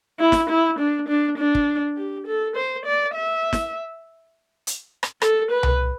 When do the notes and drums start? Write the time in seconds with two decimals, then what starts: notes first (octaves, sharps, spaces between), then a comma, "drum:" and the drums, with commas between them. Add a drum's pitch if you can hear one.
0.20 E4
0.32 drum: snare
0.50 E4
0.79 D4
1.08 D4
1.38 D4
1.55 drum: kick
1.97 G4
2.27 A4
2.56 C5
2.86 D5
3.15 E5
3.53 drum: snare
4.67 drum: hi-hat
5.03 drum: rim click
5.22 A4, drum: rim click
5.51 B4
5.63 drum: tom C2